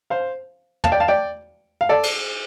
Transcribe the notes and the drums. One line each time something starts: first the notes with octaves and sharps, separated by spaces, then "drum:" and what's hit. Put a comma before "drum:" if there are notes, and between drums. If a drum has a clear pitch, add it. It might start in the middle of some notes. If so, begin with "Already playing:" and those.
C5 F5
F5 A5, drum: tom
D5 G5
F5 A5
D5 G5
F5
A4 D5
drum: cymbal